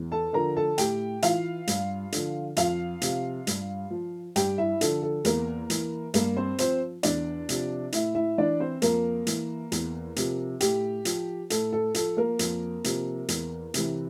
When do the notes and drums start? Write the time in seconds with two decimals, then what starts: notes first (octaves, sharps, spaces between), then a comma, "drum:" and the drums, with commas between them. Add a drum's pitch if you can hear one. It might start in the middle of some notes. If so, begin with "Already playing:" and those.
Already playing: E2
0.12 A4 A5
0.33 D3 F3 A#4 A#5
0.57 A4 A5
0.78 A2 G4 G5, drum: hi-hat
1.22 E3 F4 F5, drum: hi-hat
1.67 G2, drum: hi-hat
2.12 D3 F3, drum: hi-hat
2.57 F2 F4 F5, drum: hi-hat
3.02 C3 F3, drum: hi-hat
3.47 G2, drum: hi-hat
3.90 F3
4.36 G2 G4 G5, drum: hi-hat
4.58 E4 E5
4.81 D3 F3 A4, drum: hi-hat
5.02 A4
5.25 E2 A#3 A#4, drum: hi-hat
5.70 E3, drum: hi-hat
6.14 G2 A#3 A#4, drum: hi-hat
6.37 C4 C5
6.58 F3 C4 C5, drum: hi-hat
7.03 E2 D4 D5, drum: hi-hat
7.49 C3 F3, drum: hi-hat
7.92 A2 E4 E5, drum: hi-hat
8.15 E4 E5
8.38 E3 D4 D5
8.60 C4 C5
8.82 F2 A#3 A#4, drum: hi-hat
9.27 E3, drum: hi-hat
9.72 E2, drum: hi-hat
10.16 C3 F3, drum: hi-hat
10.60 A2 G4, drum: hi-hat
11.05 F3, drum: hi-hat
11.50 A2 A4, drum: hi-hat
11.73 A4
11.94 F3 A4, drum: hi-hat
12.17 A#3 A#4
12.39 F2, drum: hi-hat
12.84 C3 F3, drum: hi-hat
13.28 E2, drum: hi-hat
13.74 C3 E3, drum: hi-hat